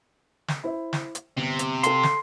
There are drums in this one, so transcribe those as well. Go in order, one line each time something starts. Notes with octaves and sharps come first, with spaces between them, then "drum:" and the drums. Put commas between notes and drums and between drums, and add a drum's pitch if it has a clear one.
drum: snare
E4 C5 E5
drum: snare
drum: hi-hat
G1 C3
drum: hi-hat
A4 F5 C6, drum: hi-hat
drum: snare